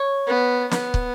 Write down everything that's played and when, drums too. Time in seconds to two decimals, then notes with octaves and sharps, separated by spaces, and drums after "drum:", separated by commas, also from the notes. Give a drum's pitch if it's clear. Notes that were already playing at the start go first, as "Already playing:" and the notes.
Already playing: C#5
0.27 B3
0.71 B3, drum: snare
0.94 drum: kick